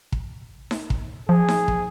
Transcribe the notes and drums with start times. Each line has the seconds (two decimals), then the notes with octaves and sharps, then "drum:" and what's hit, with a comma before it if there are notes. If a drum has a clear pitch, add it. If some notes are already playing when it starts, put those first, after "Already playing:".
0.12 drum: kick
0.71 drum: snare D#4
0.90 drum: kick
1.29 F3 G#4
1.48 drum: snare D#4
1.68 drum: kick